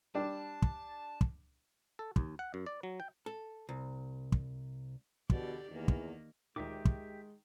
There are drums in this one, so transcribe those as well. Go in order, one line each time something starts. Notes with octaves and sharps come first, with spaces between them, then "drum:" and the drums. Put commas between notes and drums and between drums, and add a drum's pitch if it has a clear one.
G3 D4 A5
drum: kick
drum: kick
A4
D#2, drum: kick
F#5
F#2
D5
F#3
G5
A4
C2
drum: kick
E2 B2 D3 G4 D5, drum: kick
E2 D#3 A#3
drum: kick
D2 A#2 D#3 G#3 G4 E5 D6
drum: kick